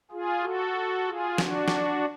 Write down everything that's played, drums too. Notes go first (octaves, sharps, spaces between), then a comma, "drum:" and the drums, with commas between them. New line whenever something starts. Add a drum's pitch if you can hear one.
F4 G#4
F#4 A4
F4 G#4
D4 F#4, drum: snare
drum: snare